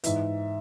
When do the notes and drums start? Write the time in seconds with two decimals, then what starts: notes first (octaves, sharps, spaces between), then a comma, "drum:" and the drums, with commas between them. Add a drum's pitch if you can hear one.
0.04 G#2 E3 E5, drum: hi-hat